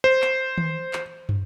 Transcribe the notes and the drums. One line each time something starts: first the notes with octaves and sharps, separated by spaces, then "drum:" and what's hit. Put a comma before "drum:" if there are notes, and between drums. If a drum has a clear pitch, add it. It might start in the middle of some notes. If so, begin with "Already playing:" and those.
C5
drum: clap
drum: tom D#3
drum: clap
drum: tom